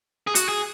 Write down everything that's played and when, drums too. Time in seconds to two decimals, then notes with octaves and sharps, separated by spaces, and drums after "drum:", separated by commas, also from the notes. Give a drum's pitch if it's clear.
0.27 G#4
0.35 F#4, drum: hi-hat
0.49 G#4